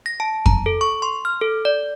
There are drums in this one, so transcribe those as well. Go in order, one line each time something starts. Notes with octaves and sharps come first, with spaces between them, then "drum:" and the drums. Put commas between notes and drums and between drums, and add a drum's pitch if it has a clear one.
A#6
A5
A#5, drum: kick F2
A4
C#6
C6
F6
A4
D5